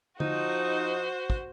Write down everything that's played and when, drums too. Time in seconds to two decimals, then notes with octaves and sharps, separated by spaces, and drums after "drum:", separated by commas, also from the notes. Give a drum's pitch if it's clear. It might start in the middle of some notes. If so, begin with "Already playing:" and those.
0.20 F3 D#4 F#4 C5, drum: tom
1.30 drum: kick